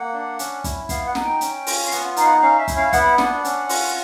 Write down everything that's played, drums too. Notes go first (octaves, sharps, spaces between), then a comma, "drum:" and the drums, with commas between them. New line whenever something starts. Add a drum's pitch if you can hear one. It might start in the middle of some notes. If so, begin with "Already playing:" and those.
Already playing: A#3 F#5
D4
C#4, drum: hi-hat
E4, drum: kick, hi-hat
B3 F5, drum: kick, hi-hat
F#5
D#4, drum: snare
G5
C#4, drum: hi-hat
F4, drum: open hi-hat
F5
B3 F#5, drum: hi-hat
D#4 F5, drum: hi-hat
F#5
C#4 F5
E5
E4, drum: kick, hi-hat
F5
B3 F#5, drum: kick, hi-hat
D4, drum: snare
C#4, drum: hi-hat
F4, drum: open hi-hat